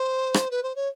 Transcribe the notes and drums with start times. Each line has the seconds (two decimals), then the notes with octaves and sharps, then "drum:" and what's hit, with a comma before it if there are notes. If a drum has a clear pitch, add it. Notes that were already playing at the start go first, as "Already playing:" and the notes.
Already playing: C5
0.34 drum: rim click
0.51 B4
0.63 C5
0.75 C#5